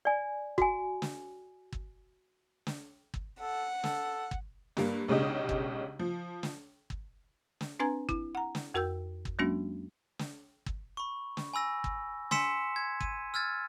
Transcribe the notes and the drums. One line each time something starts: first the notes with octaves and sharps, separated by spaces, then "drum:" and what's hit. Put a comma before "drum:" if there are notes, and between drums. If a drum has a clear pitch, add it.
D5 G#5
F#4 G#5, drum: kick G1
drum: snare
drum: kick G1
drum: snare
drum: kick G1
A4 F#5
A4, drum: snare
drum: kick G1
G2 G3 A#3, drum: snare
B1 C#3 G#3 D4 G4 D#5
drum: kick G1
F3
drum: snare
drum: kick G1
drum: snare
C4 D4 B4 G#5 A#5 G#6
E4, drum: kick G1
F#5 A#5
drum: snare
F2 F#4 A#4 G5 E6 G6
drum: kick G1
F#3 G#3 A#3 C#4 D4 F#4
drum: snare
drum: kick G1
B5 C#6
drum: snare
G#5 B5 E6 A#6
drum: kick G1
G#5 C6 E6 B6 C#7 E7, drum: snare
G#6
D#7, drum: kick G1
E6 F6 G#6 A6